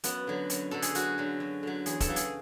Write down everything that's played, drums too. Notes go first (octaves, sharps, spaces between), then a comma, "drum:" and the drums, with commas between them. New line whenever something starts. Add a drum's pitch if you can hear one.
F#2 B3, drum: hi-hat
D3 F#3
F#2, drum: hi-hat
D3 F#3 A4
G#4, drum: hi-hat
F#2 F#4, drum: hi-hat
D3 F#3
F#2
D3 F#3
E2 G#4, drum: hi-hat
A4, drum: kick, hi-hat
C#3 F#3
G#4, drum: hi-hat